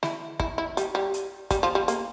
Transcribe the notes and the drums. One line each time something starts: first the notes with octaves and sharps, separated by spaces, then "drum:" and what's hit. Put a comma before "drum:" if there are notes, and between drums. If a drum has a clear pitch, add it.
E4, drum: snare
E4, drum: kick
E4
G3, drum: hi-hat
G3
drum: hi-hat
G3, drum: kick, hi-hat
F3
G3
A#3, drum: hi-hat